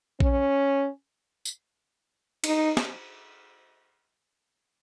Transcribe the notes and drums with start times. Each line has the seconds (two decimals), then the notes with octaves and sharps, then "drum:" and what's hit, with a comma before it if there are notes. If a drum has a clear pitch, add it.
0.20 C#4, drum: kick A#1
1.45 drum: tambourine
2.44 D#4, drum: cymbal
2.77 drum: snare